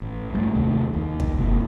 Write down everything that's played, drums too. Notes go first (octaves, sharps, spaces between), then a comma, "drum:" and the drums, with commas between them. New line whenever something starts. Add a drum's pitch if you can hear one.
A1
G2 G3 A3
D#2 C3 A3
D#2
drum: kick
G2 B2 A#3